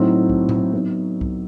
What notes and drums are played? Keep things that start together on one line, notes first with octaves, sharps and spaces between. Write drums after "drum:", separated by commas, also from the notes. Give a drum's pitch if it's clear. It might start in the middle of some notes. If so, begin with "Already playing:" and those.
Already playing: A2 F#3 C4 D#4
drum: kick C2
drum: tom A2
F#3 B3 D#4
drum: kick C2